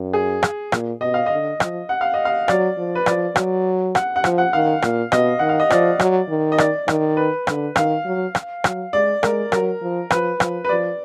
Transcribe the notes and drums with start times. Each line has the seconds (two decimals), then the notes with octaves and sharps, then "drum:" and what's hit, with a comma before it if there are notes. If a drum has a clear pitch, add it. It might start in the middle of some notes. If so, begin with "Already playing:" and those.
Already playing: F#2
0.13 G#4
0.43 drum: rim click
0.72 A#2, drum: rim click
1.01 B2 D#5
1.14 F5
1.26 D3 D#5
1.60 F3, drum: rim click
1.89 F#5
2.01 F5
2.14 D#5
2.25 F5
2.48 F#3 D5, drum: rim click
2.77 F3
2.95 B4
3.06 F3 D5, drum: rim click
3.36 F#3, drum: rim click
3.95 F#5, drum: rim click
4.16 F#5
4.24 F3, drum: rim click
4.38 F#5
4.53 D#3 F5
4.82 A#2, drum: rim click
5.12 B2 D#5, drum: rim click
5.39 D#3 F#5
5.49 F5
5.60 D#5
5.70 F3 D5, drum: rim click
5.99 F#3, drum: rim click
6.29 D#3
6.52 D#5
6.58 D5, drum: rim click
6.88 D#3, drum: rim click
7.17 B4
7.47 D3, drum: rim click
7.76 D#3 F5, drum: rim click
8.05 F#3
8.35 drum: rim click
8.64 F#3, drum: rim click
8.93 G#3 D5
9.23 G#3 A#4, drum: rim click
9.52 F#3 A#4, drum: rim click
9.81 F3
10.10 F3 B4, drum: rim click
10.40 F3, drum: rim click
10.65 B4
10.69 F3 D5